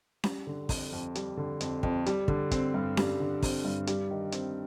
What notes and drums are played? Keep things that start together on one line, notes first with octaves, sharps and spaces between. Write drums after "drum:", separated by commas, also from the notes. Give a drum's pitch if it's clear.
G3, drum: snare C#4
D3
F2, drum: kick, open hi-hat
F2
G3, drum: hi-hat
D3
F2, drum: hi-hat
F2, drum: kick
G3, drum: hi-hat
D3, drum: kick
C4, drum: kick, hi-hat
G2
G3, drum: snare C#4
D3
C4, drum: kick, open hi-hat
G2
G3, drum: hi-hat
D#3
C4, drum: hi-hat